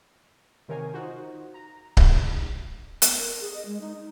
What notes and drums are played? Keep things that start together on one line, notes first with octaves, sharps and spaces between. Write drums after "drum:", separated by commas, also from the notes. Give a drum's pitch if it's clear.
C3 D#3 A#4 C#5 F5 G#5
D#4 F4 F#4 C5
A#5
drum: kick C#1
B3, drum: hi-hat
A#4
G#4
D#5
G#3
D#4
D#4